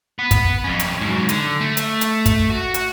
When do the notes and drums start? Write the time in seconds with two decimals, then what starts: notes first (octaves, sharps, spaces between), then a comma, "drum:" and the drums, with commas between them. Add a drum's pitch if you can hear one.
0.19 B4 F#5
0.31 drum: kick, hi-hat
0.64 F2 C#4
0.80 drum: hi-hat
1.01 G#2 F#3
1.29 D3, drum: hi-hat
1.61 A3
1.77 drum: hi-hat
2.01 drum: hi-hat
2.26 drum: kick, hi-hat
2.50 F#4
2.74 drum: hi-hat